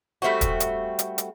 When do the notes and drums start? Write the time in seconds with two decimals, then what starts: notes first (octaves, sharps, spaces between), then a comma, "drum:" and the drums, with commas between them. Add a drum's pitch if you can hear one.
0.22 G3 A3 C4 F#4
0.41 drum: kick, hi-hat
0.60 drum: hi-hat
0.99 drum: hi-hat
1.18 drum: hi-hat